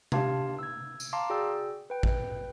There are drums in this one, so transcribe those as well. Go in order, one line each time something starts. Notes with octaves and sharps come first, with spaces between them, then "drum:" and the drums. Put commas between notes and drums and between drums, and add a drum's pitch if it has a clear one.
D4 G4 F5 A5 C6 G#6, drum: tom C3
E6 G#6
drum: tambourine
F5 A5 A#5 C6 D6
F#4 G#4 D5 G5 E6
B4 G5
drum: kick A1